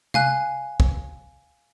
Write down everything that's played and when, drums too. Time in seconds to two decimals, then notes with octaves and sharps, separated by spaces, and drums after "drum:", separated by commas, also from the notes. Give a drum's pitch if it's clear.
0.14 F5 G#5 F#6, drum: tom
0.80 drum: kick